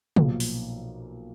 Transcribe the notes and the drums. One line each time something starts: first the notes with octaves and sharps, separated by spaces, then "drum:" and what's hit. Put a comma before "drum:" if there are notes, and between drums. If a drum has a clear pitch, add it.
B1 A#2 F3 A#3, drum: tom
drum: open hi-hat